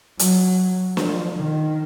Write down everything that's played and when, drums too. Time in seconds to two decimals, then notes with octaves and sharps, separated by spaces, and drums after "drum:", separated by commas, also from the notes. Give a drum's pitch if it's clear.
0.19 F#3, drum: hi-hat
0.97 F3, drum: snare
1.36 D#3